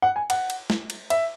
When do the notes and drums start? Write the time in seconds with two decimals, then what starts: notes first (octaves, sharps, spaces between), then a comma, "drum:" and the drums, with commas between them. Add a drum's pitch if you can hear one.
0.02 F#5
0.16 G#5
0.30 F#5, drum: cymbal
0.50 drum: cymbal
0.70 drum: snare
0.90 drum: cymbal
1.10 E5, drum: cymbal